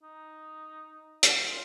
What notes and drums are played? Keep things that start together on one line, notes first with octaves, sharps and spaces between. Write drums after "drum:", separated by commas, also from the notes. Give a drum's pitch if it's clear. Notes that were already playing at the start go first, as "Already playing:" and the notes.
D#4
drum: hi-hat
F4